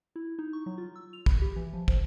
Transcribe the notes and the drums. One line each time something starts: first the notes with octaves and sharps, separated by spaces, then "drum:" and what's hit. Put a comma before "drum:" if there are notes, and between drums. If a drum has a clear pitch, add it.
E4
D#4
C#6
F#3
F4
E6
F7
B5, drum: kick
G4
E3
F3
C5, drum: kick